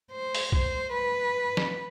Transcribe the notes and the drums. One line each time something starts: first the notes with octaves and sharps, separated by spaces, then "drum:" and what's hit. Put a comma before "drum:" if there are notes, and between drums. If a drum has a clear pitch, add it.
C5
drum: open hi-hat
C5, drum: kick C2
B4
drum: snare